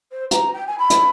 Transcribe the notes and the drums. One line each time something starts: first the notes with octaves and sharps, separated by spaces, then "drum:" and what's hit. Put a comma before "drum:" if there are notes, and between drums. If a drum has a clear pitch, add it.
C5
A#5, drum: hi-hat
G5
G#5
B5
drum: hi-hat